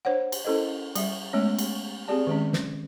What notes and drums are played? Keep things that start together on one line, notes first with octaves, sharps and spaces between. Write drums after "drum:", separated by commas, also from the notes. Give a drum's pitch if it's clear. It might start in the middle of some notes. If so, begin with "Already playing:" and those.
D4 C5 C#5 F#5
drum: cymbal
C#4 E4 A4 A#4 C5 D#5
G3 E5, drum: cymbal
G#3 A3 B3 C#4 C#5
drum: cymbal
C4 G4 G#4 D5 A5
D#3 G#3 C#4
drum: snare